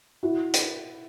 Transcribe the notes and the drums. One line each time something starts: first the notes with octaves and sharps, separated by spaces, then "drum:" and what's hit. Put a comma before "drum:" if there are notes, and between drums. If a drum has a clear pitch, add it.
E4 F#4
drum: hi-hat